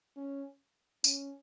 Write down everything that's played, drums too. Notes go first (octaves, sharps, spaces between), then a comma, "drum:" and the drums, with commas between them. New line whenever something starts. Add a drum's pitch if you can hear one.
C#4
C#4, drum: tambourine